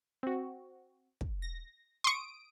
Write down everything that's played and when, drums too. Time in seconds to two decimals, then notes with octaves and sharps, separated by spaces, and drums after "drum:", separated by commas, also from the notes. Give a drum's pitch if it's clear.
0.23 C4 F#4
1.21 drum: kick
1.42 A#6
2.04 C6 C#6 D#6 D7